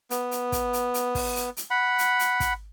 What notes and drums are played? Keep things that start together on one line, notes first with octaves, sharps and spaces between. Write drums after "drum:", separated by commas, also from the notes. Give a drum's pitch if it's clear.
B3, drum: hi-hat
drum: hi-hat
drum: kick, hi-hat
drum: hi-hat
drum: hi-hat
drum: kick, open hi-hat
drum: hi-hat
drum: hi-hat
F#5 B5
drum: hi-hat
drum: hi-hat
drum: kick, hi-hat